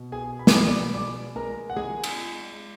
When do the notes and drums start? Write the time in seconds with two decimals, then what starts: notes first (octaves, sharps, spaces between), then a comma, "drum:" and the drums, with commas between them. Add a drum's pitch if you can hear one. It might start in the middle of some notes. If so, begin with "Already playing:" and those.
Already playing: B2
0.12 B3 G#4 G#5
0.39 B5
0.47 D6, drum: snare
0.53 B2 B4 B5
0.67 D5 D6
0.83 B5
0.94 G#3 D5 D6
1.36 G#3 A#4 A#5
1.70 F#5
1.76 G#3 G#4 G#5
2.04 drum: cymbal